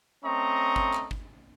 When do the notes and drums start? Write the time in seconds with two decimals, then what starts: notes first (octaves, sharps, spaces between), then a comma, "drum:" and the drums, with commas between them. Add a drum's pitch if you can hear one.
0.24 A3 C4 C#4 D#5 A#5 C#6
0.76 drum: kick
0.93 drum: clap
1.11 drum: kick